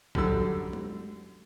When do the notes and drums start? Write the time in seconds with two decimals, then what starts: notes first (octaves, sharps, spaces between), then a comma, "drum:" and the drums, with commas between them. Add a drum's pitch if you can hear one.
0.15 F#2 D3 G3 E6, drum: kick A#1
0.73 drum: tom